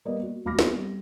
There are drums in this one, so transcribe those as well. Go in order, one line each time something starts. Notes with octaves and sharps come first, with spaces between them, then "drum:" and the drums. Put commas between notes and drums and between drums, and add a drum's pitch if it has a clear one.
G3 A#3 B3 A#4 D5 D#5
F#4
E1 D2 B5 D6 F6 A#6
B3 C4, drum: snare
G3